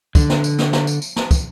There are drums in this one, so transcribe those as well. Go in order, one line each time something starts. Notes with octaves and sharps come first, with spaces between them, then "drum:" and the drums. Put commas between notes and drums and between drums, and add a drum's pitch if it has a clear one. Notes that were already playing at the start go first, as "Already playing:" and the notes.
D3, drum: kick, tambourine
drum: snare
drum: tambourine
drum: snare
drum: snare
drum: tambourine
drum: tambourine
drum: snare
drum: kick, tambourine